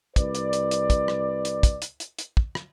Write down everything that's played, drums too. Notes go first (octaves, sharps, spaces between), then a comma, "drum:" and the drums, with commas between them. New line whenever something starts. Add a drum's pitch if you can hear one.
C2 B4 D5, drum: kick, hi-hat
drum: hi-hat
drum: hi-hat
drum: hi-hat
drum: kick, hi-hat
drum: rim click
drum: hi-hat
drum: kick, hi-hat
drum: hi-hat
drum: hi-hat
drum: hi-hat
drum: kick
drum: rim click